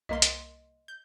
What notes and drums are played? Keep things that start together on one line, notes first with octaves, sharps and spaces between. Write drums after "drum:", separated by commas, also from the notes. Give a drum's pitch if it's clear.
C2 A#3 D#5 C6
drum: hi-hat
G6